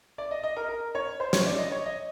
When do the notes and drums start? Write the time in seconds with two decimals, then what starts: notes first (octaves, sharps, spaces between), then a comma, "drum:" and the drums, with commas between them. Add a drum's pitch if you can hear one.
0.18 D5
0.31 D#5
0.43 D#5
0.56 A#4
0.68 A#4
0.95 C#5
1.20 C5
1.33 C#5, drum: snare
1.46 D5
1.58 D#5
1.72 C#5
1.86 D#5